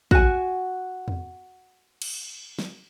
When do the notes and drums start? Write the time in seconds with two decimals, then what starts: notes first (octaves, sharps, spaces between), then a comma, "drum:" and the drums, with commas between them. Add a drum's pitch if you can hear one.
0.11 F#4 G#5, drum: kick
1.08 drum: tom E2
2.02 drum: cymbal
2.59 drum: snare